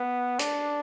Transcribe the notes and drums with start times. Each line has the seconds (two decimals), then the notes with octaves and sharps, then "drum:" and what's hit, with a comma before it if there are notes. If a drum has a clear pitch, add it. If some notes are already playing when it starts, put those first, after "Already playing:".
Already playing: B3
0.39 D4, drum: hi-hat